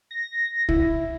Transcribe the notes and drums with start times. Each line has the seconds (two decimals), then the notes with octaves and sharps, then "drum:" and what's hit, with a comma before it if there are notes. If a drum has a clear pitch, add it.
0.11 A#6
0.69 E4, drum: kick C2